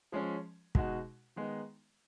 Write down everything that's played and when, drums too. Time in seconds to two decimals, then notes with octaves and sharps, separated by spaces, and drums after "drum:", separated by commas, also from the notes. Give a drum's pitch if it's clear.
0.12 F3 G#3 C#4
0.75 B2 G#3 D#4 F#4, drum: kick
1.36 D#3 G#3 B3 D#4